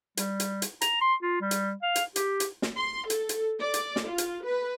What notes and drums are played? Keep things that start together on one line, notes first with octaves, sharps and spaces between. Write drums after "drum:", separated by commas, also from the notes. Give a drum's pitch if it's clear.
G3, drum: hi-hat
drum: hi-hat
drum: hi-hat
A#5, drum: hi-hat
C6
F4
G3
drum: hi-hat
F5
drum: hi-hat
G4, drum: hi-hat
drum: hi-hat
drum: snare
C6
A4, drum: hi-hat
drum: hi-hat
D5
drum: hi-hat
drum: snare
F4
drum: hi-hat
B4